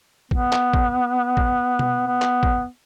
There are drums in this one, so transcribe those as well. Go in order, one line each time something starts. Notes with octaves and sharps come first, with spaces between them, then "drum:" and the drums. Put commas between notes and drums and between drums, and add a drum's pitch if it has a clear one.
B3, drum: kick
drum: clap
drum: kick
drum: kick
drum: tom B2
B3
drum: clap
drum: kick